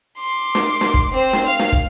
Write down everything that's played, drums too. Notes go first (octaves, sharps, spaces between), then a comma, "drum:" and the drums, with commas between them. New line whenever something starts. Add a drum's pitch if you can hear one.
C6 D6
drum: snare
drum: snare
drum: kick
C4 C5
drum: snare
F5
drum: snare
drum: kick